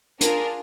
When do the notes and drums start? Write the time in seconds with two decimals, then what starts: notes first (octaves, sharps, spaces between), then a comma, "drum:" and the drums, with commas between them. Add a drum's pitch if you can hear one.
0.21 D4 F4 G#4 A#4, drum: hi-hat